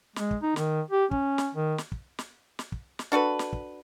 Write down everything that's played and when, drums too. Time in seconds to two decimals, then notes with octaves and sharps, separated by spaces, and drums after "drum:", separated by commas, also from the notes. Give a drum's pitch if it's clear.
0.16 G#3, drum: snare
0.31 drum: kick
0.42 D#4
0.56 D#3, drum: snare
0.91 G4
1.11 C#4, drum: kick
1.38 drum: snare
1.55 D#3
1.78 drum: snare
1.92 drum: kick
2.19 drum: snare
2.59 drum: snare
2.72 drum: kick
2.99 drum: snare
3.12 D4 F#4 A4 B4
3.39 drum: snare
3.53 drum: kick